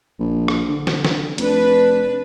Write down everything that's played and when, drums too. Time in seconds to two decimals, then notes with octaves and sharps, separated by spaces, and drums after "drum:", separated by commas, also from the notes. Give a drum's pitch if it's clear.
0.20 A#1
0.48 drum: rim click
0.69 D3
0.87 drum: snare
1.05 drum: snare
1.38 F1 D4 B4, drum: hi-hat